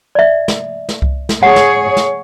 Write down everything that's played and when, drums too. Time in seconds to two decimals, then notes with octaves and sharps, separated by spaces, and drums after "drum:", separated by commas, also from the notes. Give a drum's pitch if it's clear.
0.15 D5 E5
0.48 drum: snare
0.89 drum: snare
1.02 drum: kick C2
1.29 drum: snare
1.43 G#4 C#5 F#5
1.56 drum: snare
1.97 drum: snare